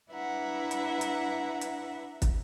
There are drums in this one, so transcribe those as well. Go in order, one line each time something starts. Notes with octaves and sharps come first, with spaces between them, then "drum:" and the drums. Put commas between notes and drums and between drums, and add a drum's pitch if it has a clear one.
D4 E4 B4 E5 F#5 A#5
drum: hi-hat
drum: hi-hat
drum: hi-hat
drum: kick, hi-hat